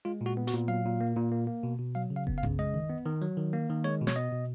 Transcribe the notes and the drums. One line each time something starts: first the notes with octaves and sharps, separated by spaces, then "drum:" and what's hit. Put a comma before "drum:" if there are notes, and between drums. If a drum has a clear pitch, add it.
G#3 F4
A#2
F#4
B3
F#4, drum: hi-hat
A#2
F#3 F5
A#2
A#3
A#2
A#3
A#3
B2
B2
F#3 F5
C#3
F5
B3, drum: kick F1
F5
C#3, drum: tom F#2
G#3 D#5
D#3
B3
D#3
F#3
D#3
A#3
D#3
G#3 C#5
B2
C#5, drum: snare
B3 D#5
B2